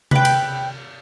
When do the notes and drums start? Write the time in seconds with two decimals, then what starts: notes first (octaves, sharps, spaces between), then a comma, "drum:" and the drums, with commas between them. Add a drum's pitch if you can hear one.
0.11 B4 G5, drum: tom C3
0.25 drum: cymbal